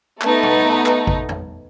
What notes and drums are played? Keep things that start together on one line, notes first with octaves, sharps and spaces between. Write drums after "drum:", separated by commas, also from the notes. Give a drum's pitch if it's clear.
A3 B3 D#4, drum: clap
drum: tom
drum: clap
drum: kick G#1
drum: tom E2